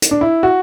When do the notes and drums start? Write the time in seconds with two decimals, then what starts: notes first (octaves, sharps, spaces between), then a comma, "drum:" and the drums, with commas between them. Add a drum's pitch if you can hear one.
0.02 drum: hi-hat
0.11 D4
0.21 E4
0.43 F#4